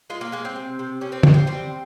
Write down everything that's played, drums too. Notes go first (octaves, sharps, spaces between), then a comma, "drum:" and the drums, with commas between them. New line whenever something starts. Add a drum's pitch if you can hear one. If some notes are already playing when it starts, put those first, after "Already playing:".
G#3 F4
A#3
G#3 A#3
C4
C3
C3
G3 C#4
C4
C3 A#3, drum: tom
C4
G3 C4